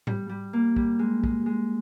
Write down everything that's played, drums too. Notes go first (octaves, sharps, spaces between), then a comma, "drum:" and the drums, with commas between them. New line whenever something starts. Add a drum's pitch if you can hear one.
G3, drum: tom G#2
G3
A#3
G3, drum: kick
G#3
G#3, drum: kick
G#3